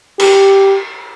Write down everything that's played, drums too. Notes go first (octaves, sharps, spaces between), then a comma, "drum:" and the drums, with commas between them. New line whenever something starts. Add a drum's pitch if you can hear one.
G4, drum: cymbal